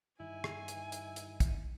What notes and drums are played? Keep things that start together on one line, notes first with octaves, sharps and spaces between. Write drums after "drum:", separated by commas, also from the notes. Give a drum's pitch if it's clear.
G2 D#3 E4 G#5
drum: rim click
drum: hi-hat
drum: hi-hat
drum: hi-hat
drum: kick, hi-hat